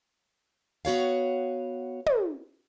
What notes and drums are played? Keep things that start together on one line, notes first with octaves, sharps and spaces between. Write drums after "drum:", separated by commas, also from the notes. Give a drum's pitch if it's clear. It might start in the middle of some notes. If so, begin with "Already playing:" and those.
B3 F#4 C#5 F5
drum: tom